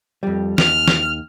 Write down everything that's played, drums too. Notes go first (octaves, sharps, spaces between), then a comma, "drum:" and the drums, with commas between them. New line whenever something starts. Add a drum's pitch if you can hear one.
F2 G3
D#2 F6, drum: snare
drum: snare